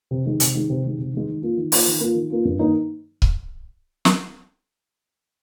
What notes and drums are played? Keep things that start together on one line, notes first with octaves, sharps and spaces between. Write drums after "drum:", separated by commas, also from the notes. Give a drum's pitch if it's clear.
C3
D#3 G#3
C3, drum: hi-hat
D#3 G#3
C3
D#3 G#3
C3
D#3 G#3
D#3
A#3 F4
D#3
A#3 F4, drum: open hi-hat
D#3
A#3 F4
D#3
A#3 F4
G2
D#3 A#3 D#4
drum: kick C#1
drum: snare